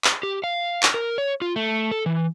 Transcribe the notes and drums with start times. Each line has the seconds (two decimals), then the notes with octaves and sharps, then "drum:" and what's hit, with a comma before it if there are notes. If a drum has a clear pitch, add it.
0.04 drum: clap
0.23 G4
0.44 F5
0.83 drum: clap
0.94 A#4
1.18 C#5
1.42 F4
1.56 A3
1.91 A4
2.06 E3